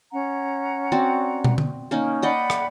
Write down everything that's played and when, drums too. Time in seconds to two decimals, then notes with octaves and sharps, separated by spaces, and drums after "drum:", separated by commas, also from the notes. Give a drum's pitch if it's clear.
0.12 C#4 F#5 A#5
0.92 C4 F#4 D5
1.44 drum: tom
1.58 drum: tom D3
1.91 A#3 C#4 D#4
2.22 D5 D#5 F#5 G5 B5
2.50 drum: rim click